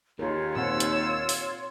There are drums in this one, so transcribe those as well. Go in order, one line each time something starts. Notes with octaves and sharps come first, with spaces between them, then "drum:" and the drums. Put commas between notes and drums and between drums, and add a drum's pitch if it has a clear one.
D#2 D#4 F4 G#4 A#4 C#5
A#2 C4 F#5 E6
drum: hi-hat
drum: open hi-hat